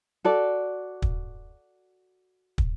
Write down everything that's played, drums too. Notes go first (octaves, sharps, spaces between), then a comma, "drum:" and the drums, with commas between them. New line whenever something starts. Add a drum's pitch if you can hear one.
F#4 A4 D5
drum: kick
drum: kick